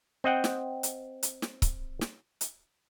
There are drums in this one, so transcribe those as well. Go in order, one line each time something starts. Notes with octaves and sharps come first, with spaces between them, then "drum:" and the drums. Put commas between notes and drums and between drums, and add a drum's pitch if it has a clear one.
C4 D#5 F#5 G5
drum: snare
drum: hi-hat
drum: hi-hat
drum: snare
drum: kick C#1, hi-hat
drum: snare
drum: hi-hat